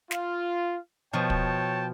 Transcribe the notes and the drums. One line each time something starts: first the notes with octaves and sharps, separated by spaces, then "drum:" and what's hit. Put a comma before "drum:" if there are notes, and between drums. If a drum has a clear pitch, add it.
F4, drum: snare
B2 F3 C#5 G5 A5
drum: kick